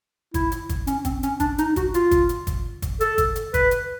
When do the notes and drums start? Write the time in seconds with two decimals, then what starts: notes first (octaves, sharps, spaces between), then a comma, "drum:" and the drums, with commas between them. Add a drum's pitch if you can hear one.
0.34 E4, drum: kick, hi-hat
0.52 drum: hi-hat
0.69 drum: kick, hi-hat
0.87 C#4, drum: hi-hat
1.05 C4, drum: kick, hi-hat
1.23 C#4, drum: hi-hat
1.40 D4, drum: kick, hi-hat
1.58 D#4, drum: hi-hat
1.76 F#4, drum: kick, hi-hat
1.94 F4, drum: hi-hat
2.11 drum: kick, hi-hat
2.29 drum: hi-hat
2.47 drum: kick, hi-hat
2.82 drum: kick, hi-hat
3.01 A4, drum: hi-hat
3.18 drum: kick, hi-hat
3.36 drum: hi-hat
3.54 B4, drum: kick, hi-hat
3.71 drum: hi-hat